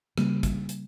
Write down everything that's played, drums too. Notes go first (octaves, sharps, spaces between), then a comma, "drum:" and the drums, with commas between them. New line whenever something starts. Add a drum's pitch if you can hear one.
C#3 G3 A#3, drum: rim click
drum: kick, hi-hat
drum: hi-hat